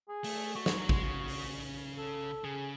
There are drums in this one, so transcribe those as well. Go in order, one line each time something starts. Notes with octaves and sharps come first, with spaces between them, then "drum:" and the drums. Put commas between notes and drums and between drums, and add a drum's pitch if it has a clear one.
G#4
A3, drum: open hi-hat
A3 F#4
G#3, drum: snare
F#3
G#3, drum: kick G#1
C#3
drum: open hi-hat
A4
C#3 G#4